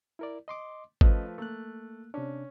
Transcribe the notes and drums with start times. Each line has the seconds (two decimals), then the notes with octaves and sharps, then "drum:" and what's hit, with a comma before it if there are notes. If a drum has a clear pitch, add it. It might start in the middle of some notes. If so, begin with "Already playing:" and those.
0.19 E4 A#4 D5
0.48 D#5 C6 D6
1.01 F3 A3 C#4 B4 D#5, drum: kick G#1
1.38 A3 A#3 F#6
2.14 C3 C#4 D4